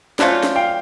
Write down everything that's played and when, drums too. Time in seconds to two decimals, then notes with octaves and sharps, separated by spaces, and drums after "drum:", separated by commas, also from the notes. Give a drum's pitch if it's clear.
0.19 F#3 A3 C#4 F4 C5 D5, drum: snare
0.43 drum: snare
0.56 F5 G5